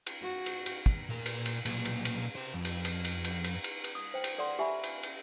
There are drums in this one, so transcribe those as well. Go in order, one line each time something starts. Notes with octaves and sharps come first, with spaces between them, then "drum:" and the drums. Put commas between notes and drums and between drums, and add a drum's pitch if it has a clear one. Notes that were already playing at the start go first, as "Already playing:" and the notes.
drum: cymbal
F#4
drum: cymbal
drum: cymbal
drum: kick
A#2 A#4
drum: cymbal
drum: cymbal
B1 A#2, drum: cymbal
drum: cymbal
drum: cymbal
G4 C5
F2
drum: cymbal
drum: cymbal
drum: cymbal
drum: cymbal
drum: cymbal
drum: cymbal
drum: cymbal
D#6
C5 G5
drum: cymbal
A4 D5 F#5 C6
G4 E5 G#5 B5
drum: cymbal
drum: cymbal